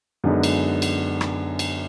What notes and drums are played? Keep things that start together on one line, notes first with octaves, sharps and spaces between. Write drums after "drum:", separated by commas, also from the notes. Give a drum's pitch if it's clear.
F#2 D3 G#3 B3 D#4
drum: cymbal
drum: cymbal
drum: rim click
drum: cymbal